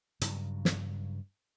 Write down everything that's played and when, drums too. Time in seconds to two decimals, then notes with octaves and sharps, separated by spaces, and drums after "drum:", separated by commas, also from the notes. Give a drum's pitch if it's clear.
0.21 G2 C#3 F#3, drum: hi-hat
0.65 drum: snare